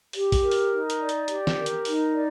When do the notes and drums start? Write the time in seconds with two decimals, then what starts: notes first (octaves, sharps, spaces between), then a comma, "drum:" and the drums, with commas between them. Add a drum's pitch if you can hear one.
0.13 G4, drum: open hi-hat
0.32 drum: kick, open hi-hat
0.42 A#4
0.51 drum: open hi-hat
0.71 D#4
0.90 drum: hi-hat
0.99 D5
1.09 drum: hi-hat
1.28 G4, drum: hi-hat
1.47 drum: snare
1.57 A#4
1.66 drum: hi-hat
1.85 D#4, drum: open hi-hat
2.13 D5